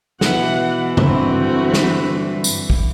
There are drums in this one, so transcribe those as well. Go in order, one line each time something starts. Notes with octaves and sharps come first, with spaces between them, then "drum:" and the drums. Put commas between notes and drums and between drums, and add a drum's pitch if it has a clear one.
B2 E3 F#5, drum: snare
G2 D3 F#3 C4 D4 F#4, drum: tom
drum: snare
drum: tambourine
drum: kick